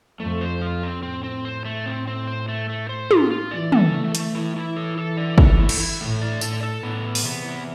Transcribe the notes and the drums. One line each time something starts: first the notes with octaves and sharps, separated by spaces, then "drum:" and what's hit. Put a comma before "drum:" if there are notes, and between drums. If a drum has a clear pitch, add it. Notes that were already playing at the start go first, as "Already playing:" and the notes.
F2 A3
C5
F4
C4
A2 C4
C4
C5
A3
C4
C4
C5
A3
A3
C5
F4, drum: tom
F4
E3 D5
A4, drum: tom
A3
A3, drum: hi-hat
E3 E4
E4
A4
A4
D5
A4, drum: kick
E4
drum: cymbal
E4
A2 A3
D5
A2 A4, drum: tambourine
A4
A2 B3
E2
drum: open hi-hat
C3 B3
E2